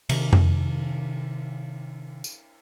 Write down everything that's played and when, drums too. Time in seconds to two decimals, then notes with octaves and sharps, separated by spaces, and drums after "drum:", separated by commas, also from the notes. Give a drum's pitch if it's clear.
0.09 C3 D#3, drum: cymbal
0.33 drum: tom F2
2.24 drum: tambourine